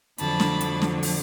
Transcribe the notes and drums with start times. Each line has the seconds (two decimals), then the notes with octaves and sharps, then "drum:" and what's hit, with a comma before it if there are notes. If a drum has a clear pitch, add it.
0.18 F2 D3 F#3 A5 B5, drum: hi-hat
0.40 drum: snare
0.61 drum: hi-hat
0.82 drum: snare
1.03 drum: open hi-hat